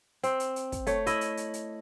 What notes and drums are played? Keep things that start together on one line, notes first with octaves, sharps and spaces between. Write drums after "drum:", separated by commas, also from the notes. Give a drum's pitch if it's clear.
C4, drum: hi-hat
drum: hi-hat
drum: hi-hat
drum: kick, hi-hat
A3 C#5, drum: hi-hat
E4 D#5, drum: hi-hat
drum: hi-hat
drum: hi-hat
drum: hi-hat